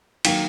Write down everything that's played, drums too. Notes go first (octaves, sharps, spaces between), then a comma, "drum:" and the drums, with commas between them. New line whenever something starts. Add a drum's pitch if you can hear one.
D#3 F#3 A#3 F5 G5, drum: cymbal